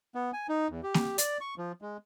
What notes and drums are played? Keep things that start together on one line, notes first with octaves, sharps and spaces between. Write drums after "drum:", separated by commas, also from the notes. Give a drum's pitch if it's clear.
B3
G#5
D#4
E2
G4
drum: snare A#3
D5, drum: hi-hat
C#6
F3
G#3